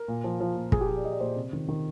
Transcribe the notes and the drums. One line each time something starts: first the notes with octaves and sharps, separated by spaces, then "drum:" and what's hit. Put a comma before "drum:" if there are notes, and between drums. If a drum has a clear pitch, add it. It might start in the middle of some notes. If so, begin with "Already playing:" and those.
Already playing: A#4
A#2
F3
F3
A#2
A#2 G#4, drum: kick
G4
F3 G#4
D5
F3 D#5
D5
A#2 C5
C3
D#3
D#3